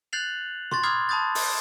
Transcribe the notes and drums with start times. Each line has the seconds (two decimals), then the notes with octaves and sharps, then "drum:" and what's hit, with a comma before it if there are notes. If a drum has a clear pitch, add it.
0.13 F#6 G6 A6 C7 F7 F#7
0.71 C6 C#6 A6, drum: tom
0.83 B5 D6 D#6 F6 G#6 C7
1.09 A5 B5 D#6 G6 A6
1.35 drum: open hi-hat